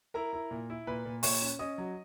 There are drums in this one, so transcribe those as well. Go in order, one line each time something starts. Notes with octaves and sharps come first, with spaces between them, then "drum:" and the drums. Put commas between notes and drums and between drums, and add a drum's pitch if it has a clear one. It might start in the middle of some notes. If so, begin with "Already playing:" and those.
E4 A#4 A#5
E4
A#2
E4
A#2 B4 B5
A#2
A#2 C#5 C#6, drum: open hi-hat
C#4
C#4 D#5 D#6
F#3